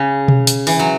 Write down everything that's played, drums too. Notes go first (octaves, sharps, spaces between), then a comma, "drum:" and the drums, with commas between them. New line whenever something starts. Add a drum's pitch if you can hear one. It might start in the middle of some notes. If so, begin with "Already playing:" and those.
Already playing: C#3
drum: tom B2
drum: hi-hat
E3, drum: open hi-hat
F#3